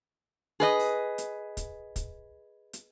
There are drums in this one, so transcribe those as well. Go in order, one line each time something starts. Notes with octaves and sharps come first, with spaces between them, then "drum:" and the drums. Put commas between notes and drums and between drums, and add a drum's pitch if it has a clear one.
G#4 B4 D#5
drum: open hi-hat
drum: hi-hat
drum: kick, hi-hat
drum: kick, hi-hat
drum: hi-hat